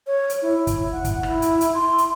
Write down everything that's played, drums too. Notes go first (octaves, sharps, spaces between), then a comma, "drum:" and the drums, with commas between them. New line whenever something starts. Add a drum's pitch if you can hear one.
C#5
drum: hi-hat
E4
drum: kick, hi-hat
F#5
drum: kick, hi-hat
E4, drum: rim click
drum: hi-hat
drum: hi-hat
C6
drum: hi-hat